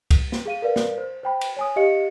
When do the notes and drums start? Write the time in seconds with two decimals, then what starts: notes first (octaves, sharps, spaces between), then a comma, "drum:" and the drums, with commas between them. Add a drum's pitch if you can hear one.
0.11 drum: kick, cymbal
0.32 drum: snare
0.46 G#4 F5 D#7
0.62 A#4 B4 D5 F5
0.76 drum: snare
0.98 C5
1.23 C5 G5 B5
1.41 drum: cymbal
1.57 C#5 G#5 D#6
1.76 G4 D#5 F5 C#7